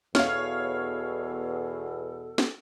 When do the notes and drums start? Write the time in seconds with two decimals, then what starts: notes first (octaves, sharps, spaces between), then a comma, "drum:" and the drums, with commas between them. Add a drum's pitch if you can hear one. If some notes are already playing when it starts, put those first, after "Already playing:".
0.15 E2 B2 A4 C#5 F5 F6, drum: snare
2.38 drum: snare